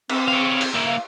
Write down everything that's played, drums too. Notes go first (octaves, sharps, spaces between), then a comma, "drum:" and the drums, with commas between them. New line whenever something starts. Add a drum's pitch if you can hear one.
C4, drum: cymbal
C#5 F5
drum: open hi-hat
A#3 E4
F5